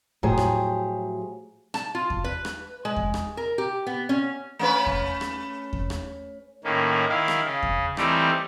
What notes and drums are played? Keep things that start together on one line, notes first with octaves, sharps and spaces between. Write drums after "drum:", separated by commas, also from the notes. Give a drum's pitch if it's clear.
A2 F3 F#3 G4 G#4, drum: kick E2
drum: rim click
A5, drum: rim click
F4
drum: kick E2
B4
drum: rim click
G#3
drum: kick E2
drum: rim click
A#4
G4
B3
C#4
A3 C#4 B4
drum: kick E2
drum: rim click
drum: kick E2
drum: rim click
A2 D#3 A#3 C#4
D#3 E4 F5
drum: rim click
C#3
drum: kick E2
E3 G3 A3 C4 D#4 G4, drum: rim click